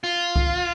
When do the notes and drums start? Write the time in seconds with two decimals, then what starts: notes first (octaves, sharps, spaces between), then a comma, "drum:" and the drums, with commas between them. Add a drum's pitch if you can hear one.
0.04 F4
0.36 drum: kick C2